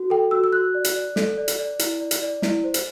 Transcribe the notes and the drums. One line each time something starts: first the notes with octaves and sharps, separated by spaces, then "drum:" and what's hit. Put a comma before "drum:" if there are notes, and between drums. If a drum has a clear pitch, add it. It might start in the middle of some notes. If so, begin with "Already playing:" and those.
Already playing: F#4
A4 G5
F#4 E6
E6
F#4 F#6
D5
drum: hi-hat
D5
A4, drum: snare
D5
drum: hi-hat
D5
E4, drum: hi-hat
D5
drum: hi-hat
D5
E4, drum: snare
C5
drum: hi-hat